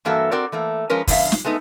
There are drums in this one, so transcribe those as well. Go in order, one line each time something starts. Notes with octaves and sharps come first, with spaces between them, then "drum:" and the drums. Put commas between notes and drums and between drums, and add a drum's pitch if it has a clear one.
G2 E3 A#3 F#4 A4 E5
C4 F#4 A#4 D5
E3 A3 A#3
F3 G#3 C#4 A#4 B4
E2 G2 C#3 C4 E5 F5, drum: kick, open hi-hat
drum: snare
G#3 A3 B3 D#4